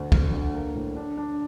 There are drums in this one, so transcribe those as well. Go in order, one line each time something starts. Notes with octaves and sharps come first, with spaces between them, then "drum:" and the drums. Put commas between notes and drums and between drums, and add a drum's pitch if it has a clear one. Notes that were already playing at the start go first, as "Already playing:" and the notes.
Already playing: D2
D3, drum: kick
D3
A#3
A2
D4
D4